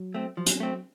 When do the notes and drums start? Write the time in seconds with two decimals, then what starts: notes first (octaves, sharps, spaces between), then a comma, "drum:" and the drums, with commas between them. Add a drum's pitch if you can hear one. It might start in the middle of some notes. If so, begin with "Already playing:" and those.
Already playing: F#3
0.14 A3 C4
0.37 F3 F#3
0.46 drum: hi-hat
0.60 A3 C4